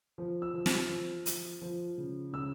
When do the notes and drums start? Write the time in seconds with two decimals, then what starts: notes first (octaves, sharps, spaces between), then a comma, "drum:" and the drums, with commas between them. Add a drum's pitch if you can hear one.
0.18 F3
0.42 E6
0.54 F3
0.66 F6, drum: snare
0.89 F3
1.26 F3, drum: hi-hat
1.61 F3
1.98 C#3
2.33 C#3 E6